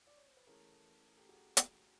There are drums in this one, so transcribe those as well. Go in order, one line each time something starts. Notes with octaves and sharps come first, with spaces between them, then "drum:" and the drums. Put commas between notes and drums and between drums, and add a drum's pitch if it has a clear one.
D5
C#5
C5
B4
E3 A3 C#4 G#4 A#4
G4 A4
F#4 G#4
drum: hi-hat